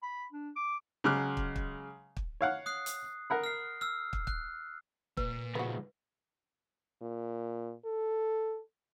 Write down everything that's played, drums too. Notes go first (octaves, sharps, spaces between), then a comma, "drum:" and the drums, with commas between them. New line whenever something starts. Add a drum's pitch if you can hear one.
B5
D4
D6
C#3 F#3 G#3 D6 F6 F#6
drum: kick
drum: kick
drum: kick
C#5 F5 F#5
D#6 F#6 C7
drum: hi-hat
A#4 F#5 B5
F6 C7
E6 F6
drum: kick
F#6, drum: kick
A#2 B4, drum: kick
C#2 G#2 B3 F#4
A#2
A4